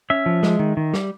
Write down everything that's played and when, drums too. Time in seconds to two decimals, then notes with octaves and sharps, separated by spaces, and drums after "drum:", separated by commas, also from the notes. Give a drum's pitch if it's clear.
0.10 C#4 E5
0.26 F3
0.43 G#3, drum: snare
0.59 D#3
0.77 D#3
0.94 G3, drum: snare